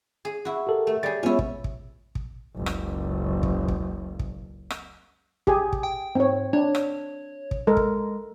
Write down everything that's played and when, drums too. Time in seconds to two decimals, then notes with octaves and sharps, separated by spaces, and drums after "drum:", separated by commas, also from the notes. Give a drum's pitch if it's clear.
0.25 G#4
0.45 E4 F#4
0.67 G4 A4 A#4
0.87 A3
1.03 G3 G#4 A6
1.23 G#3 B3 C#4 E4 F4
1.39 drum: kick
1.64 drum: kick
2.15 drum: kick
2.56 F#1 C#2
2.66 drum: rim click
3.43 drum: kick
3.68 drum: kick
4.19 drum: kick
4.70 drum: rim click
5.47 G4 G#4 G#5, drum: kick
5.73 drum: kick
5.83 G5
6.15 G#2 C4 C#5
6.53 D4 C#5
6.75 drum: rim click
7.51 drum: kick
7.67 G#3 A4 A#4
7.77 drum: kick